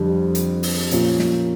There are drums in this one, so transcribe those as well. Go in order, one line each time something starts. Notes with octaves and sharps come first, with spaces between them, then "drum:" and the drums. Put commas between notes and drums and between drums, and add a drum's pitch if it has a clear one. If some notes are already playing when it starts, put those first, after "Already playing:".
Already playing: F2 D3 G3
drum: hi-hat
drum: open hi-hat
A#2 F3 A#3 C#4 F4, drum: hi-hat
drum: snare